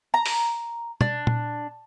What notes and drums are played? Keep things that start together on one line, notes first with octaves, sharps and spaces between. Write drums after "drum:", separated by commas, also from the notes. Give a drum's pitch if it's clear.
A#5
drum: open hi-hat
D4, drum: tom
drum: tom A#2